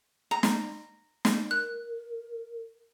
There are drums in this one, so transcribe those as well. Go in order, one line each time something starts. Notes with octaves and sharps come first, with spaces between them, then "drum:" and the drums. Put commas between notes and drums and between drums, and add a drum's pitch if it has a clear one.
A#5
drum: snare
drum: snare
A#4 F#6